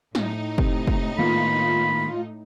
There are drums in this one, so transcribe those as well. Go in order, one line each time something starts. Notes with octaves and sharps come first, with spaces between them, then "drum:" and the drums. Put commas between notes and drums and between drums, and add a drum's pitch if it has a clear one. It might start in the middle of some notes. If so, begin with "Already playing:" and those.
A2 D#4, drum: snare
C3, drum: kick
drum: kick
D#3 A#3 B3 F4 B5